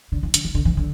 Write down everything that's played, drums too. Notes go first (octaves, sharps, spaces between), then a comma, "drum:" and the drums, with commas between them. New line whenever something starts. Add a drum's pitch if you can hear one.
D3
E3
D3, drum: hi-hat
E3
D3
E3
D3